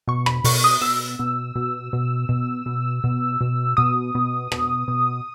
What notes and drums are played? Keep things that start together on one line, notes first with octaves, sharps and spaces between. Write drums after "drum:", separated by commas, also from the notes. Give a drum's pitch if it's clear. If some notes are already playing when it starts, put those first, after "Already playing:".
B2 C#6
B5, drum: rim click
B2 C#6, drum: open hi-hat
D#6
B2 E6
B2
B2
B2
B2
B2
B2
B2
B2 D#6
B2
B2, drum: rim click
B2